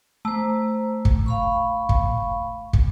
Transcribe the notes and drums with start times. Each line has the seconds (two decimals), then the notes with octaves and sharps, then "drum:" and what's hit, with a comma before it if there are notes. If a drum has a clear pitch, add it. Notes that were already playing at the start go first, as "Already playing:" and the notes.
0.25 A3 C5 A#5
1.05 drum: kick
1.26 F5 B5 C#6
1.89 drum: kick
2.73 drum: kick